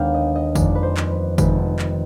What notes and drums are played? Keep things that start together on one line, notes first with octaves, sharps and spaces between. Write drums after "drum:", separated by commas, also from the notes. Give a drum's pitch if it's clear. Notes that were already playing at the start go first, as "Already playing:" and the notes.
Already playing: D#2 D#3 G#3 B3 D4 F5 G5
D#5
D#5
F2 D#3 G#3 D5, drum: kick, tambourine
B4
C5
drum: clap
B4
F1 F2 D#3 G#3 B4, drum: kick, tambourine
drum: clap